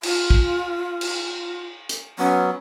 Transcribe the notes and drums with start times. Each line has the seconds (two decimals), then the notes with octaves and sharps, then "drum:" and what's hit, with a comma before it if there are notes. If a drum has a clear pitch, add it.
0.03 F4, drum: cymbal
0.30 drum: kick
1.01 drum: cymbal
1.89 drum: hi-hat
2.19 F#3 B3 C#4